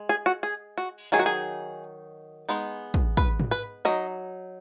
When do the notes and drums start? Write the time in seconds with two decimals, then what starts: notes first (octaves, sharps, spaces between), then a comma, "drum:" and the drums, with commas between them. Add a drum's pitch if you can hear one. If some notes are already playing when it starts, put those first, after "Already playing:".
Already playing: G#3
0.09 G#4
0.26 F#4
0.43 G#4
0.78 F#4
1.12 D#3 F#3 D#4 G#4
1.19 F#4
1.26 G#4
2.49 G#3 B3 D#4
2.94 drum: kick
3.17 B4, drum: kick
3.40 drum: tom
3.51 B4
3.85 F#3 D#4 D#5